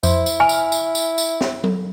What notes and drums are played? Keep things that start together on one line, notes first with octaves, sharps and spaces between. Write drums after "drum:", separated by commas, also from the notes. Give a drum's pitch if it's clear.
F2 E4 C5, drum: tambourine
drum: tambourine
G#5 F6
drum: tambourine
drum: tambourine
drum: tambourine
drum: tambourine
drum: snare
drum: tom F#3